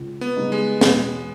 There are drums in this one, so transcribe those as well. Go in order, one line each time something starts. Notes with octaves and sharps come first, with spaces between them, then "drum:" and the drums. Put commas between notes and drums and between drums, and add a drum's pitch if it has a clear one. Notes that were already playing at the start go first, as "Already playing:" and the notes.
Already playing: C#2
B3
C#3 G3 B3 D#4
G#3
E1, drum: snare